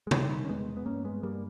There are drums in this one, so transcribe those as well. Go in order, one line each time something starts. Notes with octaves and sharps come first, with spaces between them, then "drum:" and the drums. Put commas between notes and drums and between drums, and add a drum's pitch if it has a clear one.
G#3
B2 D#3 G3, drum: tom C3
C#4
E2 G#3 B3
B3
G2 A#3 C#4
G#3 B3
G2 G3 A#3